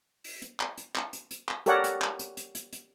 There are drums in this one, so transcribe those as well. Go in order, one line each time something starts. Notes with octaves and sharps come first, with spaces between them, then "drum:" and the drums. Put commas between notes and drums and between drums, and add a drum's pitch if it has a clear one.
drum: open hi-hat
drum: hi-hat
drum: clap
drum: hi-hat
drum: clap
drum: hi-hat
drum: hi-hat
drum: clap
G4 A4 A#4 C#5 D5 F#5, drum: hi-hat
drum: hi-hat
drum: clap
drum: hi-hat
drum: hi-hat
drum: hi-hat
drum: hi-hat